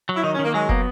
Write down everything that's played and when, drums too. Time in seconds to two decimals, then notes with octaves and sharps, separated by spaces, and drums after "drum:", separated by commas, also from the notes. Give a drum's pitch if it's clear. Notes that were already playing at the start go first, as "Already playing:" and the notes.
0.09 F#3
0.16 E4
0.23 D#3 D#4
0.34 C#4
0.39 D#3
0.44 A#3
0.54 F#3 G#3
0.69 A#3 B3, drum: kick